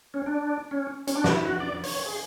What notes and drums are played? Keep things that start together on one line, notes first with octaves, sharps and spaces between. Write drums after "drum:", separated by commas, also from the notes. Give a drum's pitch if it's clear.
C#4
D4
C#4
C#4, drum: hi-hat
D4
F#4, drum: snare
E4
F#4
D5
C#5, drum: open hi-hat
G#4